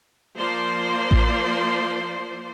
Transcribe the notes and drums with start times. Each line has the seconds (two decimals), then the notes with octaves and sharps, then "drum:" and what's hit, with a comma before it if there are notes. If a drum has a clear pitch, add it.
0.37 F3 A#3 C5 D5 C6
1.11 drum: kick A1